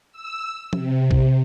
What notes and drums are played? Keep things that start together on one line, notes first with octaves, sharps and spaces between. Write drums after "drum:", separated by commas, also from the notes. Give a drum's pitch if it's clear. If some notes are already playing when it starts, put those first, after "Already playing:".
E6
C3, drum: tom F3
drum: kick